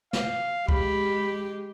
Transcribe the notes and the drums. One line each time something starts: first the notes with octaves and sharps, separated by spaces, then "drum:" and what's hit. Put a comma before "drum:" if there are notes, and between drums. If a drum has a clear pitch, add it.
F5, drum: snare
G#3 G4 B5, drum: kick C#2